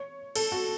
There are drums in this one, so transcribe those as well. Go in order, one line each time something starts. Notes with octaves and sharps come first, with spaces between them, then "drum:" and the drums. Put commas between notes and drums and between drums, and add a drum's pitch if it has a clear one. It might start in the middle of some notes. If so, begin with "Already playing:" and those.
Already playing: C#5
A4, drum: cymbal
F#4